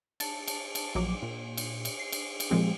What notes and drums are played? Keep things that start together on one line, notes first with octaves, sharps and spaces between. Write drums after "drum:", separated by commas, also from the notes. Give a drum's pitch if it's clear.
A5, drum: cymbal
drum: cymbal
drum: cymbal
A#1 F#3 D6
A#2
drum: cymbal
drum: cymbal
C7
drum: cymbal
drum: cymbal
A#2 F3 G#3 C4 G4